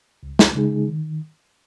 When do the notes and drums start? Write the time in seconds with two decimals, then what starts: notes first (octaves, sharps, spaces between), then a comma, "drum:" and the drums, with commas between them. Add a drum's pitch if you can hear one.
0.23 C#2
0.39 drum: snare
0.55 C#3 G#3 D#4 G#4
0.88 D#3